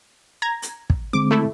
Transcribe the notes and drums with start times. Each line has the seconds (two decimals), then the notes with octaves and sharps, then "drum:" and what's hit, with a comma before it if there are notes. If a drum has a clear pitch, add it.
0.42 A#5 G#6 A#6
0.62 drum: hi-hat
0.90 drum: kick
1.13 D3 G#3 C4 D6
1.31 A3 E4 A4